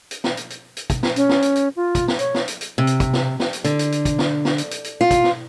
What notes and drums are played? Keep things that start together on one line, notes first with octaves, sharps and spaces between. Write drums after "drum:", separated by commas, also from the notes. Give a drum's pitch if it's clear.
drum: hi-hat
drum: snare
drum: hi-hat
drum: hi-hat
drum: hi-hat
drum: kick, hi-hat
drum: snare
C#4, drum: hi-hat
drum: snare
drum: hi-hat
drum: hi-hat
F4
drum: kick, hi-hat
drum: snare
C#5, drum: hi-hat
drum: snare
drum: hi-hat
drum: hi-hat
C3
drum: hi-hat
drum: kick, hi-hat
drum: snare
drum: snare
drum: hi-hat
D3, drum: hi-hat
drum: hi-hat
drum: hi-hat
drum: kick, hi-hat
drum: snare
drum: snare
drum: hi-hat
drum: hi-hat
drum: hi-hat
F4
drum: kick, hi-hat
drum: snare